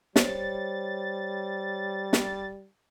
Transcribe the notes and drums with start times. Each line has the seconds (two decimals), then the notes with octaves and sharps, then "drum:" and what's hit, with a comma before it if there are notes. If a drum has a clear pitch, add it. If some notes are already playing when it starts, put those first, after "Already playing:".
0.16 G3 C5 C#5 A6, drum: snare
2.13 drum: snare